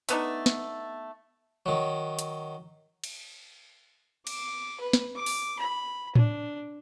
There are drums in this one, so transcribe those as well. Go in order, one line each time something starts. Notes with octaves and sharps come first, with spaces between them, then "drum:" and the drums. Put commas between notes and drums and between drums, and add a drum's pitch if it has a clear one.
A3 B3 D4 D#4, drum: hi-hat
drum: snare
D#3 F#3
drum: hi-hat
drum: cymbal
D6, drum: cymbal
B4
drum: snare
D6
drum: open hi-hat
B5
D4, drum: tom A2